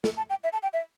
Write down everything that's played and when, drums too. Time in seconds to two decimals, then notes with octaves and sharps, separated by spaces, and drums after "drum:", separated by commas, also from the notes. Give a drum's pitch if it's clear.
0.04 A4, drum: snare
0.17 A5
0.30 G5
0.44 E5
0.53 A5
0.63 G5
0.73 E5